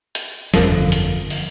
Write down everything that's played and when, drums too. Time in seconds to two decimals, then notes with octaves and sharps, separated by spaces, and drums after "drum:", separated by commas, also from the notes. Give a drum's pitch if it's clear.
0.15 drum: hi-hat
0.54 G1 F2 F3 A4 A#4 F5, drum: snare
0.92 drum: hi-hat
1.30 drum: open hi-hat